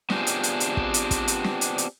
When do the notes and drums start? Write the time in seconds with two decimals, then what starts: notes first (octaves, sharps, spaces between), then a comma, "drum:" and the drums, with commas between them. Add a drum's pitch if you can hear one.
0.10 B3 C4 D4 F4 G4 G#4, drum: snare
0.27 drum: hi-hat
0.43 drum: hi-hat
0.60 drum: hi-hat
0.77 drum: kick
0.94 drum: hi-hat
1.11 drum: kick, hi-hat
1.28 drum: hi-hat
1.44 drum: snare
1.61 drum: hi-hat
1.78 drum: hi-hat